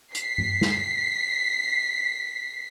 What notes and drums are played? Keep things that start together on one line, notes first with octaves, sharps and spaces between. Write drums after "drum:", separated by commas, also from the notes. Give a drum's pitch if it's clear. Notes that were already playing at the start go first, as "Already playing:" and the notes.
B6 C7, drum: hi-hat
drum: tom G2
drum: snare